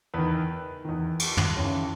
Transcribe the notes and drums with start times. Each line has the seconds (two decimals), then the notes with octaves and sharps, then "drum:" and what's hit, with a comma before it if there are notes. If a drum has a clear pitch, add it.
0.14 E2 D#3 B4
0.85 E2 D#3
1.19 drum: cymbal
1.37 drum: tom
1.57 D#2 C#3 E3 C#5